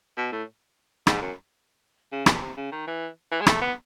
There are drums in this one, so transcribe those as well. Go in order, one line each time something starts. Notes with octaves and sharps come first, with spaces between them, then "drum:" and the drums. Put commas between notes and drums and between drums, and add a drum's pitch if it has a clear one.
B2
A2
G#2, drum: rim click
F#2
C#3
B2, drum: rim click
C3
C#3
D#3
E3
E3
G#3
A3, drum: rim click
B3